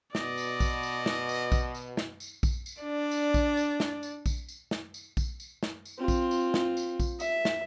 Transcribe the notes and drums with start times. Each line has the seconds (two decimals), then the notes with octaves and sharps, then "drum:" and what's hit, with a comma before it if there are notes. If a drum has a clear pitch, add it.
0.15 B2 D5 D#5, drum: snare
0.38 drum: tambourine
0.60 drum: kick A#1, tambourine
0.83 drum: tambourine
1.06 drum: snare
1.29 drum: tambourine
1.52 drum: kick A#1, tambourine
1.75 drum: tambourine
1.97 drum: snare
2.20 drum: tambourine
2.43 drum: kick A#1, tambourine
2.66 drum: tambourine
2.82 D4 D5
3.12 drum: tambourine
3.34 drum: kick A#1, tambourine
3.57 drum: tambourine
3.80 drum: snare
4.03 drum: tambourine
4.26 drum: kick A#1, tambourine
4.48 drum: tambourine
4.71 drum: snare
4.94 drum: tambourine
5.17 drum: kick A#1, tambourine
5.40 drum: tambourine
5.63 drum: snare
5.85 drum: tambourine
5.99 C4 F4
6.08 drum: kick A#1, tambourine
6.31 drum: tambourine
6.54 drum: snare
6.77 drum: tambourine
7.00 drum: kick A#1, tambourine
7.20 E5, drum: tambourine
7.45 drum: snare